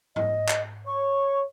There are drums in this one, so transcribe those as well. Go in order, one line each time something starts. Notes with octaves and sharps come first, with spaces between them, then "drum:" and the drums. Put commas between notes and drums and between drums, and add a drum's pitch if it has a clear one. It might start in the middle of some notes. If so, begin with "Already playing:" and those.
D#5, drum: tom G#2
drum: clap
C#5 C#6